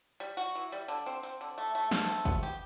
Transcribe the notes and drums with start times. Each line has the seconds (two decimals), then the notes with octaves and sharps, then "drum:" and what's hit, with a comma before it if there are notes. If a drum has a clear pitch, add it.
0.20 G3, drum: hi-hat
0.37 F#4
0.55 E3
0.72 G3
0.88 D3, drum: hi-hat
1.06 C4
1.23 C4, drum: hi-hat
1.41 D3
1.58 A3
1.75 A3
1.91 A3, drum: snare
2.08 C4
2.25 B3, drum: kick G1, hi-hat
2.43 G4